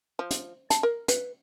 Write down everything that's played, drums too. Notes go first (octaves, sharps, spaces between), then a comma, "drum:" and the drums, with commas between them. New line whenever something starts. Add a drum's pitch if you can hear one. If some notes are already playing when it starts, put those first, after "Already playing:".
F3
drum: hi-hat
A5, drum: hi-hat
A#4
B4, drum: hi-hat